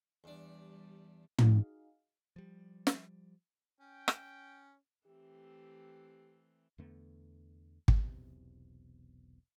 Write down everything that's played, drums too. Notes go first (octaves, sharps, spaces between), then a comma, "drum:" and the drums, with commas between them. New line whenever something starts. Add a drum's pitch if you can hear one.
E2 G3 D4
D#4 F#4 G#4 D#5 F5, drum: tom
F3 G3
drum: snare
C#4 G5
drum: rim click
E3 A3 C4 G4
E2 D3 A3 B3
E1 B1 E2 C3, drum: kick